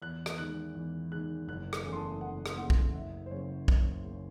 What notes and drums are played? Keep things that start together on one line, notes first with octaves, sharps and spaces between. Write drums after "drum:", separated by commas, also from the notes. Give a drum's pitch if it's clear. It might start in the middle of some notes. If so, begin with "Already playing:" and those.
E2 F#6
drum: rim click
D#3 G#3 F#6
E2
D#3 G#3 F#6
F#1 F#6
D#6, drum: rim click
E2 C#3 E3 A3
C6
A5
F#1 F#5
drum: rim click
E2 C#3 E3 A3 F#5
drum: kick
F#1 E5
C5
F#2 C#3 C#5
F#1, drum: kick
C#3